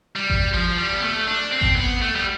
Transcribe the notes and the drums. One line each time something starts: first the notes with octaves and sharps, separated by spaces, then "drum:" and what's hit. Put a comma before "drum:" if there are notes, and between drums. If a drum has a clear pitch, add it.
G3
drum: kick G#1
F3
G3
B3
A3
D4
C4
drum: kick G#1
B3
A3
G3